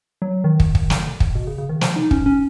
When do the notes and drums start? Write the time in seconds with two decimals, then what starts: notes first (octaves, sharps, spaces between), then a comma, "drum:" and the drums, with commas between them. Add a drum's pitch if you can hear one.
0.22 F#3
0.44 D#3
0.60 drum: kick
0.75 drum: kick
0.90 drum: snare
1.20 drum: kick
1.35 B2
1.47 C#3
1.58 C#3
1.69 D#3
1.81 F3, drum: snare
1.96 D#4
2.11 C#4, drum: kick
2.26 C#4